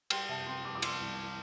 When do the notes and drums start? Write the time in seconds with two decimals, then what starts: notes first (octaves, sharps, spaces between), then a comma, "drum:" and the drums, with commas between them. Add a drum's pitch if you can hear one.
0.10 G3 G5 C6, drum: cymbal
0.29 C3 E5 A5
0.46 C4 G5 C6
0.65 G3 A5 D6
0.75 D6
0.82 G3 C6 E6, drum: cymbal
1.00 C2